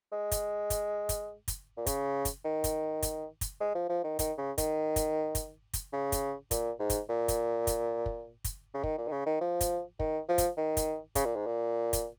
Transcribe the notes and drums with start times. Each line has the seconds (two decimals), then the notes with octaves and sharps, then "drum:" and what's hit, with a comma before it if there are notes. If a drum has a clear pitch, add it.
0.12 G#3
0.32 drum: kick, hi-hat
0.70 drum: kick, hi-hat
1.09 drum: kick, hi-hat
1.48 drum: kick, hi-hat
1.77 A#2
1.86 C#3, drum: kick, hi-hat
2.25 drum: kick, hi-hat
2.45 D#3
2.64 drum: kick, hi-hat
3.02 drum: kick, hi-hat
3.41 drum: kick, hi-hat
3.60 G#3
3.75 F3
3.89 F3
4.04 D#3
4.19 D#3, drum: kick, hi-hat
4.38 C#3
4.58 D#3, drum: kick, hi-hat
4.96 drum: kick, hi-hat
5.35 drum: kick, hi-hat
5.73 drum: kick, hi-hat
5.93 C#3
6.12 drum: kick, hi-hat
6.51 A#2, drum: kick, hi-hat
6.80 G#2
6.90 drum: kick, hi-hat
7.09 A#2
7.28 drum: kick, hi-hat
7.67 drum: kick, hi-hat
8.06 drum: kick
8.44 drum: kick, hi-hat
8.74 C#3
8.83 D#3, drum: kick
8.98 A#2
9.08 D#3
9.12 C#3
9.26 D#3
9.41 F3
9.61 drum: kick, hi-hat
10.00 D#3, drum: kick
10.29 F3
10.38 drum: kick, hi-hat
10.57 D#3
10.77 drum: kick, hi-hat
11.15 C#3, drum: kick, hi-hat
11.25 A#2
11.36 G#2
11.47 A#2
11.93 drum: kick, hi-hat